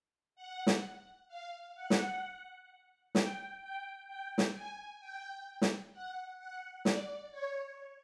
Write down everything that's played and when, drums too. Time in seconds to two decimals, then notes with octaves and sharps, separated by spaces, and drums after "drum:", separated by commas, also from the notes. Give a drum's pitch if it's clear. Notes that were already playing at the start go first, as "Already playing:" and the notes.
0.36 F#5
0.67 drum: snare
1.28 F5
1.75 F#5
1.90 drum: snare
3.15 G5, drum: snare
3.61 G5
4.07 G5
4.38 drum: snare
4.53 G#5
4.99 G5
5.62 drum: snare
5.92 F#5
6.39 F#5
6.85 D5, drum: snare
7.31 C#5